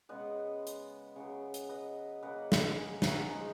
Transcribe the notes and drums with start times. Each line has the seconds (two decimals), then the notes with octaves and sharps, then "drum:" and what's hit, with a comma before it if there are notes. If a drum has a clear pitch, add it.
0.09 C#3 G#3 B3 B4 D#5
0.67 drum: hi-hat
1.16 C#3 F#3 B3
1.54 drum: hi-hat
1.69 B4 D#5
2.22 C#3 F#3 A#3 B4 D#5
2.52 drum: snare
2.76 G#4 B4
3.02 F#4 A#4, drum: snare
3.29 C#3 F3 G#3 D#4 F#4